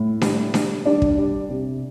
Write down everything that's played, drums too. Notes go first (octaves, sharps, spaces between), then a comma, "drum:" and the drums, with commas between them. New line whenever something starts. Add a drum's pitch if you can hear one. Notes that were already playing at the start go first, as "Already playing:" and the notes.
Already playing: A2
G3, drum: snare D4
G3, drum: snare D4
G3 D4 D5
drum: kick
G3
C3